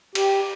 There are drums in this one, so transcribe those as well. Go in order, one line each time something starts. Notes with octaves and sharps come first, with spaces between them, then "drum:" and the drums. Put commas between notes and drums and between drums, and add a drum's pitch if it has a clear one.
G4, drum: cymbal